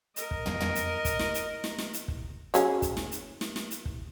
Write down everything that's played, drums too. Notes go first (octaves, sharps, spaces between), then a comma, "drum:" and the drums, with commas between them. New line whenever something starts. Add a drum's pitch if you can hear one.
A#4 D#5, drum: hi-hat
drum: kick
drum: tom
drum: tom
drum: hi-hat
drum: kick, hi-hat
drum: snare
drum: hi-hat
drum: snare
drum: snare
drum: hi-hat
drum: kick
F#3 C#4 G#4, drum: hi-hat
drum: kick, hi-hat
drum: snare
drum: hi-hat
drum: snare
drum: snare
drum: hi-hat
drum: kick